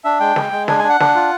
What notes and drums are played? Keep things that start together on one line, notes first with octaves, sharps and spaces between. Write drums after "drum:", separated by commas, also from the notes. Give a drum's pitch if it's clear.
D4 E5
G#3 G5
G#3, drum: snare
G#3
D4 G#5, drum: snare
G#5
D4
F#5
D4, drum: snare
F4